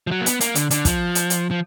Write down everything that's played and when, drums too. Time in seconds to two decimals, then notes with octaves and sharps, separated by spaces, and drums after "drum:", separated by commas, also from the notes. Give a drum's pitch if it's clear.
0.07 F3
0.11 F#3
0.21 A#3
0.26 B3, drum: hi-hat
0.41 A#3, drum: hi-hat
0.55 D3, drum: hi-hat
0.71 D3, drum: hi-hat
0.85 F3, drum: kick, hi-hat
1.15 drum: hi-hat
1.30 drum: hi-hat
1.51 F3